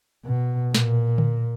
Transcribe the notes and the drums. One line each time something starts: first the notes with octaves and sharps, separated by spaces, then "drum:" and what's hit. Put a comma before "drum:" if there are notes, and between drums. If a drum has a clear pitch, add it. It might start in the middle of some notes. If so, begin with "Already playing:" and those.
B2
A#2, drum: snare
drum: tom D3